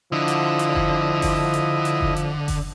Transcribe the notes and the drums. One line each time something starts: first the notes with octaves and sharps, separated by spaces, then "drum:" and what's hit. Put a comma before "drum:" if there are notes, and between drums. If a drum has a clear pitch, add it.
D3 F3 E4 D#5
drum: hi-hat
drum: hi-hat
drum: kick F#1
drum: kick F#1, open hi-hat
drum: hi-hat
drum: hi-hat
drum: kick F#1
drum: hi-hat
drum: kick F#1, open hi-hat